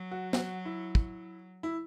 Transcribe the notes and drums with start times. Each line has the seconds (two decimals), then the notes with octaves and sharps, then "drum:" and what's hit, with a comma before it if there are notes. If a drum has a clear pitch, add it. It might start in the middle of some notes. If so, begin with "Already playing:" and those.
Already playing: F#3
0.11 F#4
0.33 F#4, drum: snare
0.65 E4
0.95 drum: kick
1.63 E4